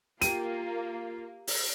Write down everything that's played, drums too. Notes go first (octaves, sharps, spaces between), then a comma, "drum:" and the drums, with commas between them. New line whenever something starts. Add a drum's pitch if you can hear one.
A#3 F4 G4 G5 D#7, drum: hi-hat
drum: open hi-hat